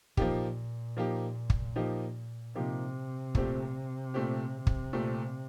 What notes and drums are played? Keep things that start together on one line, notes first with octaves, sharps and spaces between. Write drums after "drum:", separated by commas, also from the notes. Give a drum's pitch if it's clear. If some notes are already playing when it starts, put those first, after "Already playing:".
A#2 F3 A#3 D#4 G4, drum: kick
F3 A#3 D#4 G4
drum: kick
F3 A#3 D#4 G4
C3 F3 A#3 D#4 G4
A#2 A3 C4 G4, drum: kick
A#2 A3 C4 G4
drum: kick
A#2 A3 C4 G4